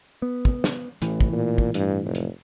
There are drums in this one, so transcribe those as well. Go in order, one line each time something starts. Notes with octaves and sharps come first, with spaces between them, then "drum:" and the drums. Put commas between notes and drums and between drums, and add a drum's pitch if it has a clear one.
B3
drum: kick
drum: snare
A1 A2 E3, drum: hi-hat
drum: kick
A#2
drum: kick
G2, drum: hi-hat
F1
drum: hi-hat